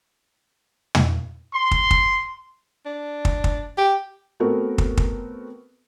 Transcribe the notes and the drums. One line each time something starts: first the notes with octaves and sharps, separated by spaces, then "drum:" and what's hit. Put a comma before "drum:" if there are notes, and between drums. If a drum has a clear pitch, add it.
drum: tom
C6
drum: kick
drum: kick
D4
drum: kick
drum: kick
G4
A3 B3 C4 F#4 A#4
drum: kick
drum: kick